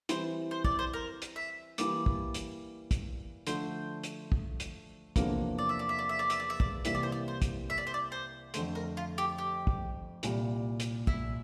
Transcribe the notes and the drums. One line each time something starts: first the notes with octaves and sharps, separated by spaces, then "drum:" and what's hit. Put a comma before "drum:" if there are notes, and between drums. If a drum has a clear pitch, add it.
E3 G3 C4 E4 C5, drum: hi-hat
C5
D5, drum: kick
C5
A#4
drum: hi-hat
E5
E3 G3 A#3 D5, drum: hi-hat
drum: kick
drum: hi-hat
drum: kick, hi-hat
D3 F3 A3 D4 C5, drum: hi-hat
drum: hi-hat
drum: kick
drum: hi-hat
E2 C3 F3 A#3 D4, drum: kick, hi-hat
D5
E5
D5
E5
D5
E5
D5
E5, drum: hi-hat
D5
E5
D5, drum: kick
C2 C3 E3 A#3 E5, drum: hi-hat
D5
C5
D5
C5
drum: kick, hi-hat
E5
D5
C5
D5
C5
F2 D3 A3 C5, drum: hi-hat
A#4
F4
G4
G4
drum: kick
C2 A#2 G3, drum: hi-hat
drum: hi-hat
E4, drum: kick